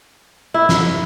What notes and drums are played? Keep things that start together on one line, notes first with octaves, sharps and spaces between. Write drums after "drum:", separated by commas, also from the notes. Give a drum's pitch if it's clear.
E4
drum: snare